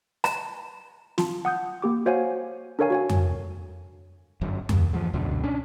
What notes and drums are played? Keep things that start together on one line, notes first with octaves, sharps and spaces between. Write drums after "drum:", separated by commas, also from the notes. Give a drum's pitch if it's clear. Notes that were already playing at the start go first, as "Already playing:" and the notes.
A#5, drum: rim click
F4 A5, drum: snare
F#5 D#6 G6
A#3 G4 D6
F#4 C5 C#5 F5 F#5 G#5
D4 A4 A#4 C#5 F5 G#5
F#4 C#5 G#5
drum: tom F2
G1 F#2
D#2, drum: tom F2
G#2 E3 F3
C#2 F#2 B2 D3
C#4 D4